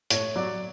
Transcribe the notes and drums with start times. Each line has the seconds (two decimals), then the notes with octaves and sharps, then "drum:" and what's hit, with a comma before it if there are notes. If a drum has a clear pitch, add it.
0.10 A2 C#5, drum: hi-hat
0.36 F#3 D5